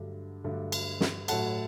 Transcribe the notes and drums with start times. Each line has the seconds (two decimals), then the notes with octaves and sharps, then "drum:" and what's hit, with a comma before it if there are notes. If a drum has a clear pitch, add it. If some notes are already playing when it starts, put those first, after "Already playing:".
Already playing: G2 D3 F#3 A3
0.44 G2 D3 F#3 A3
0.72 drum: cymbal
1.01 drum: snare
1.28 A2 F#3 A3 F#5 A5, drum: cymbal